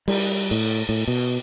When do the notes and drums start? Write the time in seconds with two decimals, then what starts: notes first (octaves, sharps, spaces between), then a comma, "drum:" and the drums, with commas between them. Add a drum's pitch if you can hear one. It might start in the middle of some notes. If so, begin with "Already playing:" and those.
0.08 G3, drum: cymbal
0.51 A2, drum: cymbal
0.89 A2
1.08 B2